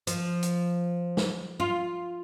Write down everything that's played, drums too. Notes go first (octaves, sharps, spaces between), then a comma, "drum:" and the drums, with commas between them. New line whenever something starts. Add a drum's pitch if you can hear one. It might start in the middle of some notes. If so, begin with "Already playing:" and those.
F3, drum: hi-hat
drum: hi-hat
drum: snare
F4